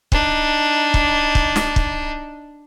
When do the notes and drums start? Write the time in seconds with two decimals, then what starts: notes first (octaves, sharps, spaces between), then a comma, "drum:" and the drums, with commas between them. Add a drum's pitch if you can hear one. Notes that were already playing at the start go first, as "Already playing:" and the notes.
0.12 D4 D#4, drum: kick
0.94 drum: kick
1.35 drum: kick
1.56 drum: snare
1.76 drum: kick